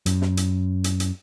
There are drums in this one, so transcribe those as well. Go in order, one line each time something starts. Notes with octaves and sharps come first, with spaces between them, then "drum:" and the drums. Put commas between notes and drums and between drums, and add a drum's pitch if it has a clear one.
F#2, drum: hi-hat
drum: snare
drum: hi-hat
drum: hi-hat
drum: hi-hat